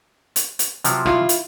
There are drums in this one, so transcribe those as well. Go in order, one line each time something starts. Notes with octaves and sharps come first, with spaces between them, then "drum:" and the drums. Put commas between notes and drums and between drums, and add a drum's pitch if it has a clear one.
drum: hi-hat
drum: hi-hat
C3 F3 F#3, drum: hi-hat
E4 F4, drum: rim click
drum: hi-hat